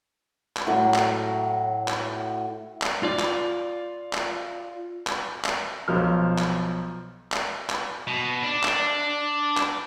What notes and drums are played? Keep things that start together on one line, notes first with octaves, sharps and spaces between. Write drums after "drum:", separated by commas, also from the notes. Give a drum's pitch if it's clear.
drum: clap
A2 F#3
drum: clap
drum: clap
drum: clap
F4 D5
drum: clap
drum: clap
drum: clap
drum: clap
B1 F3 F6
drum: clap
drum: clap
drum: clap
B2
D4
drum: clap
drum: clap